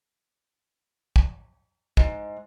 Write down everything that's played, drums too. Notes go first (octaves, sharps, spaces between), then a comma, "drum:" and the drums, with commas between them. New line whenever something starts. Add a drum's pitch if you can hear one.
drum: kick
G#2, drum: kick